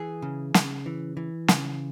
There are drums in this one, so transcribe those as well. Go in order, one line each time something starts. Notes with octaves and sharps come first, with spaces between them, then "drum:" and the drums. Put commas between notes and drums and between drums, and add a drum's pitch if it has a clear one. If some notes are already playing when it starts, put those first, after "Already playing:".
Already playing: E3 G#4
C#3
C#3, drum: snare
E3
E3
C#3, drum: snare